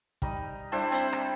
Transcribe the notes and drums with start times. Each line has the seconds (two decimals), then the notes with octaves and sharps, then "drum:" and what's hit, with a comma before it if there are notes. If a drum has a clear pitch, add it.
0.22 G3 D#4 D#5, drum: kick
0.72 G3 D4 E4 C5
0.91 C4 E5, drum: hi-hat
1.13 drum: rim click